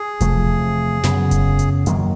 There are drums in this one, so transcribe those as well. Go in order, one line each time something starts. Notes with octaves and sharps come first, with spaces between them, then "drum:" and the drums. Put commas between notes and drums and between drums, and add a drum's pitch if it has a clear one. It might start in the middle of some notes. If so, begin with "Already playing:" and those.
Already playing: G#4
E2 C3 F3 A3, drum: kick E1, hi-hat
F#2 C#3 F#3 B3, drum: snare
drum: kick E1, hi-hat
drum: hi-hat
F#2 D#3 F#3 A#3, drum: hi-hat